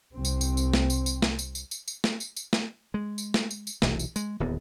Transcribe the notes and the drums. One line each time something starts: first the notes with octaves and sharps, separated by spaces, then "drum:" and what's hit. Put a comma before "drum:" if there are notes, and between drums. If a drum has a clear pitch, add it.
C2 C4
drum: tambourine
drum: tambourine
drum: tambourine
drum: snare A3
drum: tambourine
drum: tambourine
drum: snare A3
drum: tambourine
drum: tambourine
drum: tambourine
drum: tambourine
drum: snare A3
drum: tambourine
drum: tambourine
drum: snare A3
G#3
drum: tambourine
drum: snare A3
drum: tambourine
drum: tambourine
E1 B1 C3 E3, drum: snare A3
drum: tambourine
G#3, drum: tambourine
D1 D#2 B3